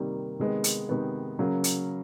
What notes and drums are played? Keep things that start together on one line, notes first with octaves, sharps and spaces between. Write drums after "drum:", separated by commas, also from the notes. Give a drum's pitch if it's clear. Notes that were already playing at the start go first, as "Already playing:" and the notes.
Already playing: C3 D#3 G3 A#3
C3 D#3 G#3 B3
drum: hi-hat
C3 D#3 G#3 B3
C#3 F#3 A#3
drum: hi-hat